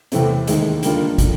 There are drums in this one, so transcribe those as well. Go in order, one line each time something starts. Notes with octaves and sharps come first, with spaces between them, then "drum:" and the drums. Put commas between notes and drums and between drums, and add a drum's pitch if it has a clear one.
E2 C3 E3 A3 C4, drum: hi-hat
D#2 D#3 G#3, drum: hi-hat
D3 G3 A#3 D4 F4, drum: hi-hat
D3 F3, drum: kick, hi-hat